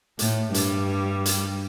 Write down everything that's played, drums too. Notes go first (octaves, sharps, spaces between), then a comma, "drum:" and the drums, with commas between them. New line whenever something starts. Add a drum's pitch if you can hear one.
A2 A3, drum: hi-hat
G2 G3, drum: hi-hat
drum: hi-hat